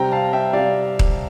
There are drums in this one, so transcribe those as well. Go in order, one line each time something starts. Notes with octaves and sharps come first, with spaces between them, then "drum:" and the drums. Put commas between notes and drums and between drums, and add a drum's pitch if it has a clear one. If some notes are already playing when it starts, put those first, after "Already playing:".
Already playing: C3 G3 C4 G5 A#5
F5 A5
E5 G5
C3 G3 C4 D5 F5
drum: kick D#1